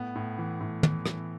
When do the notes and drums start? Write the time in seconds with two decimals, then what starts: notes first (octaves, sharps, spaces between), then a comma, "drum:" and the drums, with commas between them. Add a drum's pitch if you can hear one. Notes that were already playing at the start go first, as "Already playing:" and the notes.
Already playing: A2 B3
0.15 A2
0.38 E3
0.60 A2
0.83 E3, drum: tom
1.06 E3, drum: rim click